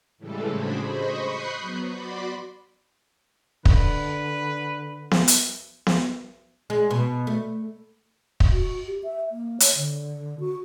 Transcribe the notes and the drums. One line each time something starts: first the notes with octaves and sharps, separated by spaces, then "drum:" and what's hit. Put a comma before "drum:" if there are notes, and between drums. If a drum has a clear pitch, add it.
A2 C#3 E3 G3 G#3 A4
D4 F#4 G#4 C5 B5
C5 D#5 B5 C#6
B5 C#6 D#6 F#6 G6 C7
F#3 B3
F#4 D5 B5 C6 D6
D3 B4, drum: kick
drum: snare B3
drum: hi-hat
drum: snare B3
G#3
B2
A3
drum: kick
F#4
G4
E5
A#3
C#5, drum: hi-hat
D3
F#4